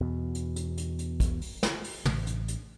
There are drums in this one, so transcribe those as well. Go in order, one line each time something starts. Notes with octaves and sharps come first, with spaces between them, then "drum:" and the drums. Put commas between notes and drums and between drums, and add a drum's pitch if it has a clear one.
E2 B2
drum: hi-hat
drum: hi-hat
drum: hi-hat
drum: hi-hat
drum: kick, hi-hat
drum: open hi-hat
drum: snare
drum: open hi-hat
A1, drum: tom
drum: hi-hat
drum: hi-hat